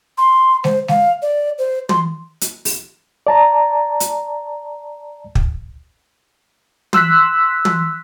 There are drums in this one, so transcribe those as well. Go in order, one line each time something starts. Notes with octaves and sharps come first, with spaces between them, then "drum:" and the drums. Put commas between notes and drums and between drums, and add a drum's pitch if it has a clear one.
C6
C5, drum: snare G#3
F5, drum: snare G#3
D5
C5
C6, drum: tom
drum: hi-hat
drum: open hi-hat
D5 A5 A#5
drum: hi-hat
drum: kick
C6 E6 F#6 B6, drum: tom
drum: tom